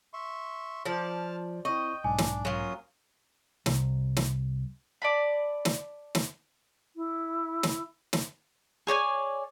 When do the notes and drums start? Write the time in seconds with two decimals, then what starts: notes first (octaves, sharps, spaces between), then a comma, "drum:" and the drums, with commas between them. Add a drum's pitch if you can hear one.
0.13 E5 C6 C#6
0.86 F3 C5 D5 A5 F6
1.65 C4 E4 D#5 G5 C#6
2.04 B1 G#2 D4 G#5
2.18 drum: snare
2.45 F#3 A#3 C#4 F4 D#6
3.66 C2, drum: snare
4.17 drum: snare
5.02 D5 A5 B5
5.65 drum: snare
6.15 drum: snare
6.96 E4
7.63 drum: snare
8.13 drum: snare
8.87 G#4 C#5 D5 G#5